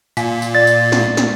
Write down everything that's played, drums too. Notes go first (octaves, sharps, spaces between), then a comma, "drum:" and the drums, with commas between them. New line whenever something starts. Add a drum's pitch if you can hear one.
A#2 F5 G#5 B6, drum: tambourine
drum: tambourine
D5 A6
drum: tambourine
drum: snare
drum: snare